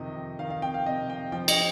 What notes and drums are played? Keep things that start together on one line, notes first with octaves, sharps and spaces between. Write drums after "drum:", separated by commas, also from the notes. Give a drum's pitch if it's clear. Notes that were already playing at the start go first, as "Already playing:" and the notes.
Already playing: F2 C3 D#3 D#5
F2
D#3 F5
F5
F2 G5
F5
C3 D#5
F2 G5
F3 G5
D#5, drum: cymbal